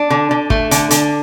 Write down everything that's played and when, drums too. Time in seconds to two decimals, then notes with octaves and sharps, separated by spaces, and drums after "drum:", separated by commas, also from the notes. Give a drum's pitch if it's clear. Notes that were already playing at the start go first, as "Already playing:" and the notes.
Already playing: D4
0.10 D3
0.31 D3
0.50 A3, drum: kick
0.71 D3, drum: hi-hat
0.91 D3, drum: hi-hat